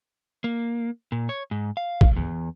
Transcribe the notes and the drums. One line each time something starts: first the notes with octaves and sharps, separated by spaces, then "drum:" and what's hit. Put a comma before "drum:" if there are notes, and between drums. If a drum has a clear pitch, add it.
A#3
A#2
C#5
G#2
F5
drum: kick
E2